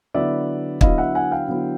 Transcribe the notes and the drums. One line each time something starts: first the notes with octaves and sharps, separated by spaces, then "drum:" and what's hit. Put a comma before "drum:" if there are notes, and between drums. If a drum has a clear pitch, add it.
D3 F#3 B3 E4 D5 E5
D3 F#3 B3 E4 D#5 F5, drum: kick
E5 F#5
F#5 G#5
F5 G5
D3 F#3 B3 E4